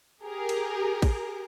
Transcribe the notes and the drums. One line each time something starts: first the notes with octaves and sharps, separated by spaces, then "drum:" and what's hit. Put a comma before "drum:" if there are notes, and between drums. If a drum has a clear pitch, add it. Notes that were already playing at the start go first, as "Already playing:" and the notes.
G4 G#4 A#4
drum: cymbal
drum: kick, cymbal